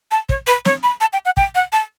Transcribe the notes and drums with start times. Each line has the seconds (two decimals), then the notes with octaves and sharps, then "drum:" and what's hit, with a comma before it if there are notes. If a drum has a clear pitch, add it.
0.11 A5
0.29 C#5, drum: kick
0.47 B4
0.65 C#5, drum: snare
0.83 B5
1.01 A5
1.13 G5
1.25 F#5
1.37 G5, drum: kick
1.55 F#5
1.72 A5